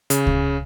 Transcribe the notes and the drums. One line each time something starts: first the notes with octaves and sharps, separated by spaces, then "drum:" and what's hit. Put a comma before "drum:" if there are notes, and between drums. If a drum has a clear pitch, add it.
C#3, drum: hi-hat
drum: kick C#2